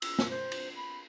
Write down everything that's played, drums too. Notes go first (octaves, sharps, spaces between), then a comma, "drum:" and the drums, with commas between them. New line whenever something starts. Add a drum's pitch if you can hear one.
E6, drum: cymbal
drum: snare
C5
drum: cymbal
B5